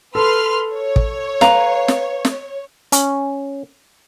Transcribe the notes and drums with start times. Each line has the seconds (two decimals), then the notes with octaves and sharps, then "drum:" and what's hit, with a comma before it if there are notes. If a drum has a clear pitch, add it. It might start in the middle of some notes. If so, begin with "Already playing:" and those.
0.15 A4 B4 C6 F6
0.75 C#5
0.96 drum: kick
1.41 B4 F5 A#5, drum: snare
1.88 drum: snare
2.25 drum: snare
2.92 C#4, drum: hi-hat